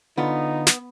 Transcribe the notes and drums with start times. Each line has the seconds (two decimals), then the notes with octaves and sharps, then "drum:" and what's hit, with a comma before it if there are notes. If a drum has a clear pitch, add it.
0.18 D3 B3 D#4 F4 A4
0.67 drum: snare